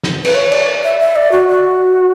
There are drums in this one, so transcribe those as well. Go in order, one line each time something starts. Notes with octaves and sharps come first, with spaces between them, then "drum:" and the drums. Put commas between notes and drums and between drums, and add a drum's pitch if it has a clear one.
drum: snare
B4, drum: cymbal
C#5
D5, drum: cymbal
E5
E5
D5
F#4
F#4